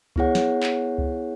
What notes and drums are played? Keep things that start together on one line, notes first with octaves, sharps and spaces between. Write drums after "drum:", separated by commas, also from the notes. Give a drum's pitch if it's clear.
B3 E4 G#4 C#5 F#5, drum: kick C#2
drum: snare
drum: clap
drum: kick C#2